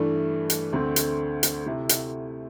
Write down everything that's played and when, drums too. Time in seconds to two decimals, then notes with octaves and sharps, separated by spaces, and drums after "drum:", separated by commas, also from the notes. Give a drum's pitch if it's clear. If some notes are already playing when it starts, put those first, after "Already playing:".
Already playing: G2 E3 A3 D4
0.50 drum: hi-hat
0.73 D2 D3 A3 C4
0.96 drum: hi-hat
1.43 drum: hi-hat
1.66 C3 A3 E4
1.89 drum: hi-hat